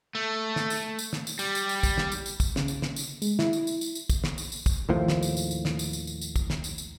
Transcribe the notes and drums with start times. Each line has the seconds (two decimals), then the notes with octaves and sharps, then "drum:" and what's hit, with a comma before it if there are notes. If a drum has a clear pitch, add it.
0.15 A3
0.56 drum: snare
0.70 drum: tambourine
0.99 drum: tambourine
1.13 drum: snare
1.27 drum: tambourine
1.39 G3, drum: tambourine
1.55 drum: tambourine
1.69 drum: tambourine
1.83 drum: kick, tambourine
1.97 drum: snare
2.12 drum: tambourine
2.26 drum: tambourine
2.40 drum: kick, tambourine
2.56 C#3, drum: snare
2.68 drum: tambourine
2.82 drum: snare
2.96 drum: tambourine
3.22 G#3, drum: tambourine
3.39 E4, drum: snare
3.53 drum: tambourine
3.67 drum: tambourine
3.81 drum: tambourine
3.95 drum: tambourine
4.09 drum: kick, tambourine
4.24 drum: snare
4.38 drum: tambourine
4.52 drum: tambourine
4.66 drum: kick, tambourine
4.89 D#2 A2 F3
5.08 drum: snare
5.23 drum: tambourine
5.37 drum: tambourine
5.51 drum: tambourine
5.65 drum: snare
5.79 drum: tambourine
5.93 drum: tambourine
6.07 drum: tambourine
6.21 drum: tambourine
6.36 drum: kick, tambourine
6.50 drum: snare
6.64 drum: tambourine
6.78 drum: tambourine